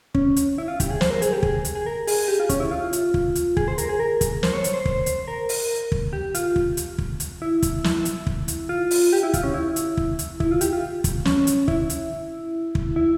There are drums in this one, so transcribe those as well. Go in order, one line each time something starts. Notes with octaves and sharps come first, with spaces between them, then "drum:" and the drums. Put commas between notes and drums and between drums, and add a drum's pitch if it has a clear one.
C#4, drum: kick
drum: hi-hat
E4
F4
G4, drum: kick, hi-hat
G#4
C5, drum: snare
A#4
G#4, drum: hi-hat
G4
G#4, drum: kick
drum: hi-hat
G#4
A#4
G#4, drum: open hi-hat
G4
F4
C#4, drum: kick, hi-hat
E4
F4
drum: hi-hat
drum: kick
drum: hi-hat
G#4, drum: kick
C5
A#4, drum: hi-hat
G#4
A#4
drum: kick, hi-hat
C5, drum: snare
C#5
C#5, drum: hi-hat
C5
C5, drum: kick
drum: hi-hat
A#4
drum: open hi-hat
drum: kick
G4
F4, drum: hi-hat
drum: kick
drum: hi-hat
drum: kick
drum: hi-hat
E4
drum: kick, hi-hat
E4, drum: snare
drum: hi-hat
drum: kick
drum: hi-hat
F4
drum: open hi-hat
G4
E4
F4, drum: kick, hi-hat
C#4
E4
drum: hi-hat
drum: kick
drum: hi-hat
E4, drum: kick
F4
G4, drum: hi-hat
F4
drum: kick, hi-hat
C#4, drum: snare
drum: hi-hat
E4, drum: kick
drum: hi-hat
drum: kick
E4